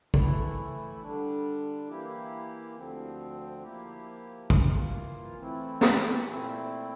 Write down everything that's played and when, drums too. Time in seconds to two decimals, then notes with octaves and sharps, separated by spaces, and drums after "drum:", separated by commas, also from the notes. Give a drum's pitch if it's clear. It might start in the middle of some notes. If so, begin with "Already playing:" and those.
0.14 A2 E3 A3 E4, drum: kick
1.01 D3 G3 D4
1.88 E3 A#3 E4 G4
2.75 D2 D3 F3 C4
3.62 F3 A#3 E4 G4
4.50 E3 A#3 F4, drum: kick
5.38 E3 A3 C4 E4
5.81 drum: snare
6.25 A#2 A3 C4 E4